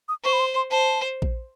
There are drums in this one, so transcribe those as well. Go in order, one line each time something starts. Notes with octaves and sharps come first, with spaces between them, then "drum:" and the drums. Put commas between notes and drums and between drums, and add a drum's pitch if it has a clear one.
D#6
C5 C#6
B5
C6
C6
C5 A5
drum: kick A#1